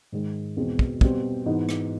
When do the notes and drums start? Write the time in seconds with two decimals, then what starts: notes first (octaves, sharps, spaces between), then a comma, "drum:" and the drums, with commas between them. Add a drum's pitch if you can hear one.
0.12 G#2 D#3 G#3
0.57 E2 B2 G#3 C4
0.79 drum: kick
1.01 B2 G3 C4, drum: kick
1.46 G#2 E3 G#3 B3 D#4
1.69 drum: rim click